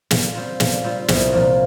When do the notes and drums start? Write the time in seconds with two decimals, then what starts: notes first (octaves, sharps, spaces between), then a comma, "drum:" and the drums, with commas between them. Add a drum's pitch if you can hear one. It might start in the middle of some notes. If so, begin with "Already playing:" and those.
0.11 A#2, drum: snare
0.35 G3 C4 F4
0.60 A#2, drum: snare
0.84 G3 C4 F4
1.08 C2, drum: snare
1.32 A#2 F3 A#3